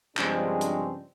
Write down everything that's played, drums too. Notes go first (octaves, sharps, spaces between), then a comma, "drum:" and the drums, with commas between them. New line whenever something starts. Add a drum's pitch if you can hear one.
G2 C#3 F3 G#3 C4 D4, drum: clap
drum: hi-hat